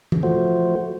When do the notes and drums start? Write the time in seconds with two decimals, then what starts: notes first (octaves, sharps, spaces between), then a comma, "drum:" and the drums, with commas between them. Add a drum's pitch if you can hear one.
0.12 drum: tom E3
0.23 F3 A3 F#4 C5